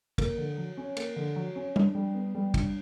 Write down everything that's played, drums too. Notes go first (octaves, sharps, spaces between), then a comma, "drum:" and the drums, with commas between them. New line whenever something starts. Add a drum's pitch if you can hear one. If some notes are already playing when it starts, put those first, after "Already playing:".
A#3, drum: kick, cymbal
D3
F#3
C#4
A#3, drum: cymbal
D3
F#3
C#4
D4, drum: tom
G3
B3
G3
D4, drum: kick, cymbal